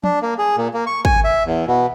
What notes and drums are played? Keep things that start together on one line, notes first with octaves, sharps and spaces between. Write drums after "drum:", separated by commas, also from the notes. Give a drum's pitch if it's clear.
D4, drum: tom
A#3
G#4
A#2
A#3
C#6
G#5, drum: kick
E5
E2
B2